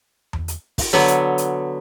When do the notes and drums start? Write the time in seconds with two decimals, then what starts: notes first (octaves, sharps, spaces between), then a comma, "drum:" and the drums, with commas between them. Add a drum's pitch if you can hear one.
0.33 drum: tom E2
0.48 drum: hi-hat
0.78 drum: kick, open hi-hat
0.93 D3 F#3 B3
1.08 drum: hi-hat
1.38 drum: hi-hat